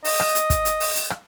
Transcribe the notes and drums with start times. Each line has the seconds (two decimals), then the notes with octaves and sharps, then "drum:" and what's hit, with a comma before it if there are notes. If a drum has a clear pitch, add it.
0.05 D#5, drum: open hi-hat
0.20 drum: rim click
0.35 drum: hi-hat
0.50 drum: kick, hi-hat
0.65 drum: hi-hat
0.80 drum: open hi-hat
0.95 drum: hi-hat
1.10 drum: rim click